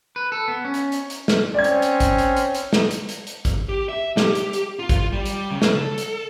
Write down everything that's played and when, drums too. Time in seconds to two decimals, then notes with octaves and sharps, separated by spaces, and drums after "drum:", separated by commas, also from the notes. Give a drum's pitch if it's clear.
0.16 B4
0.32 A4
0.48 B3
0.65 C#4
0.74 drum: hi-hat
0.92 drum: hi-hat
1.10 drum: hi-hat
1.28 drum: snare
1.54 C4 C#4 D5 G#6
1.64 drum: hi-hat
1.82 drum: hi-hat
2.00 drum: kick, hi-hat
2.18 drum: hi-hat
2.37 drum: hi-hat
2.55 drum: hi-hat
2.73 drum: snare
2.91 drum: hi-hat
3.09 drum: hi-hat
3.27 drum: hi-hat
3.45 drum: kick, hi-hat
3.69 G4
3.89 E5
4.17 G4, drum: snare
4.35 drum: hi-hat
4.53 drum: hi-hat
4.79 F4
4.89 drum: kick, hi-hat
5.13 G3
5.26 drum: hi-hat
5.51 C#3
5.62 drum: snare
5.75 A4
5.98 drum: hi-hat